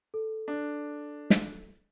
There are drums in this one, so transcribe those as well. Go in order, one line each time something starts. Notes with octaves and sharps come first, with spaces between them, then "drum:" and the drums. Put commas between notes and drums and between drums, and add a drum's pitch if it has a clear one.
A4
D4
drum: snare